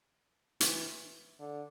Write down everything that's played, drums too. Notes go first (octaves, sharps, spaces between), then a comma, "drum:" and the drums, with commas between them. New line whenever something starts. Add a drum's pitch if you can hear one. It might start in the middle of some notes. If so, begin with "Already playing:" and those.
E3, drum: hi-hat
D3